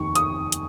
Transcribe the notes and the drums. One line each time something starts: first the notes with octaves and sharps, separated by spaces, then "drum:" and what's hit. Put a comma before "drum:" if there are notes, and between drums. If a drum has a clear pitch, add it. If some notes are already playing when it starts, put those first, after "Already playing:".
Already playing: F1 D#2 D#3 C#6
D#6, drum: hi-hat
drum: hi-hat